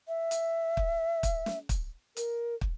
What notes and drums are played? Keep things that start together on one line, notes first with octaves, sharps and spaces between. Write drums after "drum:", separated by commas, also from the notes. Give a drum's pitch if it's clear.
E5
drum: hi-hat
drum: kick
drum: kick, hi-hat
drum: snare
drum: kick, hi-hat
A#4, drum: hi-hat
drum: kick